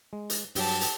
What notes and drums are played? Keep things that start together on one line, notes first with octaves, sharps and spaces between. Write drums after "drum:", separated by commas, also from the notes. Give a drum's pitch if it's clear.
G#3
drum: hi-hat
G2 F#3 G4 A5, drum: open hi-hat
drum: hi-hat